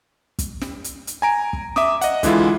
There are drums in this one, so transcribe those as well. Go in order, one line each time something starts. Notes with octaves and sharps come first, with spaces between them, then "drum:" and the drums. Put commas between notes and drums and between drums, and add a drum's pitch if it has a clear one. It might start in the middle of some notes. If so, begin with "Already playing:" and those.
drum: kick, hi-hat
drum: snare
drum: hi-hat
drum: hi-hat
G#5 A#5 D7
drum: kick
E5 D6 D#6, drum: snare
D#5 F#5, drum: hi-hat
D3 E3 G#3 E4 F4, drum: kick, hi-hat